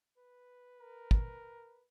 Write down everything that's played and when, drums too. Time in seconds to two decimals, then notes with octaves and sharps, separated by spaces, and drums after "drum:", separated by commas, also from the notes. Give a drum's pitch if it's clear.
0.18 B4
0.80 A#4
1.11 drum: kick